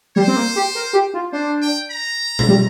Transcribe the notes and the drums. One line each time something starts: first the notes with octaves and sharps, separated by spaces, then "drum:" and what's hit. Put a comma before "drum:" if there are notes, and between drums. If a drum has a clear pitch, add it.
G3 C5
C4
A#3
G4
A#4
G4
F4
D4 C5
G5
A#5
drum: tom B2
G3